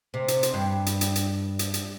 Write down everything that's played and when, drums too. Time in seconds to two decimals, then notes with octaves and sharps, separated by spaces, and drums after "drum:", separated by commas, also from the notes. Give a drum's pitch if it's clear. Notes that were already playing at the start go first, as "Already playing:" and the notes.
0.14 C3
0.28 drum: hi-hat
0.43 drum: hi-hat
0.54 G2
0.86 drum: hi-hat
1.01 drum: hi-hat
1.16 drum: hi-hat
1.59 drum: hi-hat
1.74 drum: hi-hat